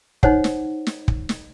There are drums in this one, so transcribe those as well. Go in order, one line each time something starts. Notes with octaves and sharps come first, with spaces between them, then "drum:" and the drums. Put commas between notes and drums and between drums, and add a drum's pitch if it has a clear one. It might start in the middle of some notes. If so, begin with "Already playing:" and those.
D#4 C5 C#5 F#5, drum: kick
drum: snare
drum: snare
drum: kick
drum: snare